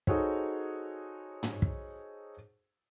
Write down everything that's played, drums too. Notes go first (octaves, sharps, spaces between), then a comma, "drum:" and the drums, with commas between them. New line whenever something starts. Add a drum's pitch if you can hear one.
D#4 F#4 G#4 A4 C5 C#5, drum: kick
drum: tom
drum: kick